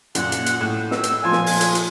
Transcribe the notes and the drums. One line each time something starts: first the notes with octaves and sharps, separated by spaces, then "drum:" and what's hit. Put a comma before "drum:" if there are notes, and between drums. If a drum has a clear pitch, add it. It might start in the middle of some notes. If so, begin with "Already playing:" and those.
F#2 A#2 F#5, drum: hi-hat
drum: hi-hat
drum: hi-hat
A2
E6, drum: snare
drum: hi-hat
A#2 F3 G#5 C6
drum: snare
drum: open hi-hat
drum: hi-hat
drum: hi-hat